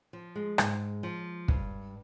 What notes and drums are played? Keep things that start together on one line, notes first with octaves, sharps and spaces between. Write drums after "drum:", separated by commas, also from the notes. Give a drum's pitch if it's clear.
F3
G#3
G#2, drum: rim click
F3
G2, drum: kick